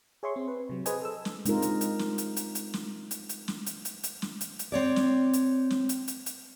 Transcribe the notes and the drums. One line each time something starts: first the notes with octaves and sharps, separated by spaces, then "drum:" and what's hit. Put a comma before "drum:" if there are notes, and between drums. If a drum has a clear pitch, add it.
G#4 C#5 E5 C6 C#6
C4
B4
C3 F#3
G#4 B4 C5 D#5 G#5, drum: hi-hat
A4 E6
drum: snare
G#3 C4 D4 D#4 F4 A#4, drum: hi-hat
drum: hi-hat
drum: hi-hat
drum: snare
drum: hi-hat
drum: hi-hat
drum: hi-hat
drum: snare
drum: hi-hat
drum: hi-hat
drum: snare
drum: hi-hat
drum: hi-hat
drum: hi-hat
drum: snare
drum: hi-hat
drum: hi-hat
C4 C#5 D5
drum: snare
drum: hi-hat
drum: snare
drum: hi-hat
drum: hi-hat
drum: hi-hat